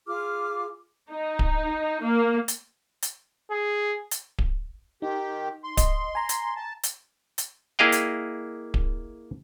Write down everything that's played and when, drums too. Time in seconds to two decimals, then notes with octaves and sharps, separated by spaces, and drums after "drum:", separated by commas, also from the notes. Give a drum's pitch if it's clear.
0.07 F4 G#4 D6 F6
1.11 D#4
1.39 drum: kick D1
2.02 A#3
2.48 drum: hi-hat
3.02 drum: hi-hat
3.51 G#4
4.11 drum: hi-hat
4.38 drum: kick D1
5.02 D#3 D#4 G4
5.64 C6
5.77 D#5, drum: kick D1, hi-hat
6.15 G#5 A#5
6.29 drum: hi-hat
6.56 A5
6.83 drum: hi-hat
7.38 drum: hi-hat
7.79 A#3 E4 G#4 D#5 F5 G5
7.92 drum: hi-hat
8.74 drum: kick D1